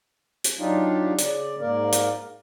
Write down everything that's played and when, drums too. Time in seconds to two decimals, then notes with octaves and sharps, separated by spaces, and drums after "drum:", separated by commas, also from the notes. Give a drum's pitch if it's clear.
0.44 drum: hi-hat
0.59 F#3 D4 D#4 F4 G4
1.18 C#3 D5, drum: hi-hat
1.61 G#2 A#3 A#4 D5
1.92 drum: hi-hat